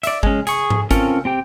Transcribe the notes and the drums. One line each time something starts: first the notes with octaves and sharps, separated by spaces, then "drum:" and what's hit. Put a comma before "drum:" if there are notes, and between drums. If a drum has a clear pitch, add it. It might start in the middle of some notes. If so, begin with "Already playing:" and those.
D5 E5, drum: hi-hat
G#3 C#4, drum: kick G#1
G#4 C#6, drum: hi-hat
drum: tom G#2
C4 C#4 F4 A4 A#4, drum: kick G#1, hi-hat
C4 G4 G5